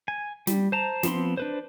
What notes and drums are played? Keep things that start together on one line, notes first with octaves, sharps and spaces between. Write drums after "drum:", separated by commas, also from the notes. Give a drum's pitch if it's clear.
G#5
G3, drum: snare
C5 A5 A#5
F3 B3 C4 B5 C6, drum: snare
D4 B4 C5